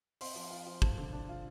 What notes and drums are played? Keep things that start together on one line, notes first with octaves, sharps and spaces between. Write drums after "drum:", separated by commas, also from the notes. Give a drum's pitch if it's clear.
C4 C6, drum: open hi-hat
F3
F4
F3
F3 A5, drum: kick
D3
D4
F4